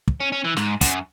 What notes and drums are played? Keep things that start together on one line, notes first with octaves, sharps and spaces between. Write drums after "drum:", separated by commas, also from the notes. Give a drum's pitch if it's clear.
drum: kick
C#4
C#4
E3
G#2, drum: snare
F#2, drum: kick, hi-hat